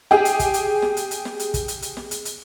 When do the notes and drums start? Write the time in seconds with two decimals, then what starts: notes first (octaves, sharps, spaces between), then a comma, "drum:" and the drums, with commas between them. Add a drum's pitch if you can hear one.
0.11 G4 G#4, drum: snare
0.25 drum: hi-hat
0.39 drum: kick, hi-hat
0.54 drum: hi-hat
0.82 drum: snare
0.97 drum: hi-hat
1.11 drum: hi-hat
1.25 drum: snare
1.40 drum: hi-hat
1.54 drum: kick, hi-hat
1.68 drum: hi-hat
1.82 drum: hi-hat
1.97 drum: snare
2.11 drum: hi-hat
2.25 drum: hi-hat